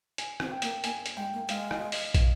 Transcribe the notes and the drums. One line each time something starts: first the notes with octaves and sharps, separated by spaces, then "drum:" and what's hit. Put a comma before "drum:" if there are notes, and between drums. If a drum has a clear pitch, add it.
G#5, drum: hi-hat
C4, drum: rim click
G5
A#3, drum: hi-hat
A#3 G#5, drum: hi-hat
drum: hi-hat
G#3 G5
A#3
G#3 F5, drum: hi-hat
D#5, drum: rim click
D#5, drum: open hi-hat
F5, drum: kick, hi-hat